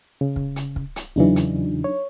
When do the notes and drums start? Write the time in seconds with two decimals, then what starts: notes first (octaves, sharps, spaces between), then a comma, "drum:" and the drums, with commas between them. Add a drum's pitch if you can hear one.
0.21 C#3
0.36 drum: kick
0.56 drum: hi-hat
0.76 drum: kick
0.96 drum: hi-hat
1.16 E2 C#3 E3 F#3 D4 D#4
1.36 drum: hi-hat
1.84 C#5